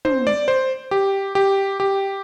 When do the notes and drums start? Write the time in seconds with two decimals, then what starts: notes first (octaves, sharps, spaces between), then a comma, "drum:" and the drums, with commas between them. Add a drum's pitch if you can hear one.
0.05 C5, drum: tom
0.27 D5
0.48 C5
0.91 G4
1.35 G4
1.80 G4